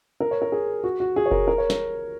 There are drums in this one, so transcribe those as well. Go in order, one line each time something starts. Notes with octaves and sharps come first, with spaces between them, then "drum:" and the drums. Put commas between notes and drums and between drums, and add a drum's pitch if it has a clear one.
A#4
C#5
A#4
G#4
F#4
F#4
G#4
C#5
A#4, drum: kick F1
A#4
C#5
A#4, drum: snare